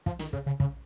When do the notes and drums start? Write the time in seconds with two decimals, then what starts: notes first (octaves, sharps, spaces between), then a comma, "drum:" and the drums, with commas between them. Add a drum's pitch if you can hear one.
0.06 F3, drum: kick
0.19 D#3, drum: snare
0.33 C#3, drum: kick
0.46 C#3
0.60 C#3, drum: kick